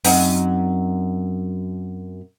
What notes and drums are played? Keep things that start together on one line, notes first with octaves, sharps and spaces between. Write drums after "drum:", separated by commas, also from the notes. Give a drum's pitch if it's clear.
F#2 C4 D#4, drum: open hi-hat